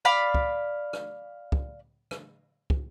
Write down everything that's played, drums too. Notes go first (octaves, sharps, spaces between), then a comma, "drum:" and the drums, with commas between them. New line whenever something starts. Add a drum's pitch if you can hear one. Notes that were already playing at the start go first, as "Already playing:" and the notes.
D5 F5 B5
drum: kick
drum: rim click
drum: kick
drum: rim click
drum: kick